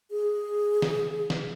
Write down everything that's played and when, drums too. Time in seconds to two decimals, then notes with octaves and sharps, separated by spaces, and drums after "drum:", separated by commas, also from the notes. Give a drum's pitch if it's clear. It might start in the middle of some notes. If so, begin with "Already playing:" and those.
0.11 G#4
0.82 drum: snare
1.30 drum: snare